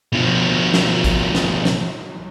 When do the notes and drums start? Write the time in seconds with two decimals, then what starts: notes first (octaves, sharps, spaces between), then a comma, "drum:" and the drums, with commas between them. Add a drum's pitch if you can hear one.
0.13 B2 F3
0.74 drum: snare
1.04 drum: kick, hi-hat
1.35 drum: snare
1.65 drum: snare